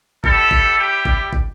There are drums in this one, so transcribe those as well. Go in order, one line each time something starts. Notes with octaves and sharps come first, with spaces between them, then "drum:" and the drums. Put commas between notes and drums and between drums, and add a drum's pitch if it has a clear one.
G3 E4 G4 A4, drum: kick
drum: kick
G4
drum: kick
drum: kick